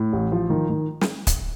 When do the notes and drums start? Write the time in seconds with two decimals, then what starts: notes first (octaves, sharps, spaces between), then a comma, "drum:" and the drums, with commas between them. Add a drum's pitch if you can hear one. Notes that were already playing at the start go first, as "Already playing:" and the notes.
Already playing: A2
0.13 A1
0.32 F3
0.50 D#3
0.70 D#3
1.01 drum: snare
1.27 drum: kick, hi-hat